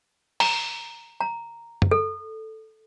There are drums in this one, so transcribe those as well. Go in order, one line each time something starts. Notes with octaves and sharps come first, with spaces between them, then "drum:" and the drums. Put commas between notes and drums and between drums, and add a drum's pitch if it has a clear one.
A#5, drum: open hi-hat
A#5
drum: tom F#2
A4